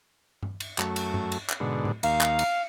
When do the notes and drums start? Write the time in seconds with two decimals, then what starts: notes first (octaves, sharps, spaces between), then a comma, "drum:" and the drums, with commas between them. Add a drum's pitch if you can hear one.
0.43 drum: tom G2
0.60 drum: cymbal
0.78 F#2 A3, drum: clap
0.96 drum: cymbal
1.14 drum: tom G2
1.32 drum: cymbal
1.50 drum: clap
1.60 G#2 B2 D3
1.85 drum: tom A2
2.03 D#2 A#3 F5, drum: cymbal
2.21 drum: clap
2.39 drum: cymbal